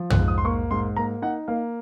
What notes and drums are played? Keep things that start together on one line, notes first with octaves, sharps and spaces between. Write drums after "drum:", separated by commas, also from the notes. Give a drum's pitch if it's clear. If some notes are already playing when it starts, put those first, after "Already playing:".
Already playing: F3
F#6, drum: tom
G#2
D#6
C6
A#3 C#6
G#2 C6
A#3 A#5
D#4 F#5
A#3 F5